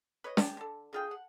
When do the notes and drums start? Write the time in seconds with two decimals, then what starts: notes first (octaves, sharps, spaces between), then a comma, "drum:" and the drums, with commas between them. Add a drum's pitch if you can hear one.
0.24 B4 C#5 D#5
0.37 C#3 G4 A5, drum: snare
0.57 D3 A4
0.93 D3 F4 G#4 G5
1.11 F#5